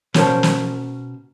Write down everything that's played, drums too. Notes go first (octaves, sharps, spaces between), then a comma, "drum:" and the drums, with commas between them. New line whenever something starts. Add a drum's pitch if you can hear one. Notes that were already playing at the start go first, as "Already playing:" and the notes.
B2 C#4 G4 A#4 C5 A5, drum: snare
drum: snare